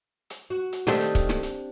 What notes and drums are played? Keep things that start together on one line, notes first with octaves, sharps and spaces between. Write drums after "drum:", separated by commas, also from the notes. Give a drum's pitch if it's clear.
drum: hi-hat
F#4
drum: hi-hat
D#3 A3 C4 D4 G4, drum: snare
drum: hi-hat
drum: kick C#1, hi-hat
drum: snare
drum: hi-hat